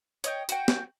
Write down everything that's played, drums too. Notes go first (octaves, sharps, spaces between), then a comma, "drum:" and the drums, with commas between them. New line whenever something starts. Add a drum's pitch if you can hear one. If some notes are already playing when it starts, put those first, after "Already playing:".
C#5 D#5 G5, drum: hi-hat
F#4 G5, drum: hi-hat
drum: snare